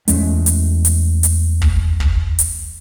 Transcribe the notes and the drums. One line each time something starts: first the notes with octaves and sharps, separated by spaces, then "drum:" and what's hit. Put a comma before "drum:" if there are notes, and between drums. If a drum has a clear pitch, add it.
E2 G#3 A3 C#4, drum: hi-hat
drum: hi-hat
drum: hi-hat
drum: hi-hat
drum: kick
drum: kick
drum: hi-hat